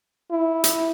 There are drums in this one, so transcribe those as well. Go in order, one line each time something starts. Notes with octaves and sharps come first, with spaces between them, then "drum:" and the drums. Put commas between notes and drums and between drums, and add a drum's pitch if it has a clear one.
E4
drum: hi-hat